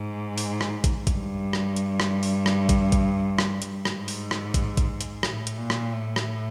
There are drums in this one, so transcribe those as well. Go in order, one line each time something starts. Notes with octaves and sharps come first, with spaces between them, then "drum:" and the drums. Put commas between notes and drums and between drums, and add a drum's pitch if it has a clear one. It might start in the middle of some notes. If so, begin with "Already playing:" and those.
Already playing: G#2
drum: open hi-hat
drum: rim click
drum: kick, hi-hat
G2, drum: kick, hi-hat
drum: rim click
drum: hi-hat
drum: rim click
drum: open hi-hat
drum: rim click
drum: kick, hi-hat
drum: kick, hi-hat
drum: rim click
drum: hi-hat
G#2, drum: rim click
drum: open hi-hat
drum: rim click
drum: kick, hi-hat
drum: kick, hi-hat
drum: hi-hat
A2, drum: rim click
drum: hi-hat
A#2
drum: rim click
A2
drum: rim click